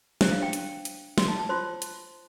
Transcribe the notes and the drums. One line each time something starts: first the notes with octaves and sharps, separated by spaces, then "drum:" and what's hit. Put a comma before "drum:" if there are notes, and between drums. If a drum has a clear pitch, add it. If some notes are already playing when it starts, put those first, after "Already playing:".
D4 G4 C5, drum: snare
F5
G5
drum: hi-hat
drum: hi-hat
C6, drum: snare
A5
A5
F4 C5 C6
drum: hi-hat